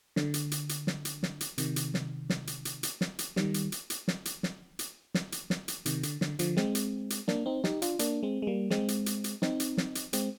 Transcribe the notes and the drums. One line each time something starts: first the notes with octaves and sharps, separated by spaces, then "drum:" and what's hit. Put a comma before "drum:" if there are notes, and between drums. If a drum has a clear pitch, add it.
D3, drum: snare
drum: hi-hat
drum: hi-hat
drum: hi-hat
drum: snare
drum: hi-hat
drum: snare
drum: hi-hat
C3 D#3, drum: hi-hat
drum: hi-hat
drum: snare
drum: snare
drum: hi-hat
drum: hi-hat
drum: hi-hat
drum: snare
drum: hi-hat
D#3 G3, drum: snare
drum: hi-hat
drum: hi-hat
drum: hi-hat
drum: snare
drum: hi-hat
drum: snare
drum: hi-hat
drum: snare
drum: hi-hat
drum: snare
drum: hi-hat
C3 D#3, drum: hi-hat
D3, drum: hi-hat
D3, drum: snare
D3 F3, drum: hi-hat
G#3 C4, drum: snare
drum: hi-hat
drum: hi-hat
A#3 D4, drum: snare
C4 D#4
D#4 G4, drum: snare
D4 F4, drum: hi-hat
A#3 D4, drum: hi-hat
G#3 C4
G#3
G3 A#3
G#3 C4, drum: snare
drum: hi-hat
drum: hi-hat
drum: hi-hat
C4 D#4, drum: snare
drum: hi-hat
drum: snare
drum: hi-hat
G#3 C4, drum: hi-hat